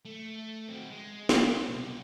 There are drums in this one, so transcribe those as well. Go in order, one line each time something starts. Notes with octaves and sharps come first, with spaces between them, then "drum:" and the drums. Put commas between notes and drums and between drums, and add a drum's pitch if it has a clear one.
A3
C4 F#4
G#3
C4 G4, drum: snare
C2 B2